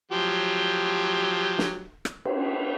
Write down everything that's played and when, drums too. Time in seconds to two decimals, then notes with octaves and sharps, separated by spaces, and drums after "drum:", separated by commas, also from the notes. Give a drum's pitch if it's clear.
0.12 F3 F#3 G4
1.58 drum: snare
2.05 drum: rim click
2.25 drum: cymbal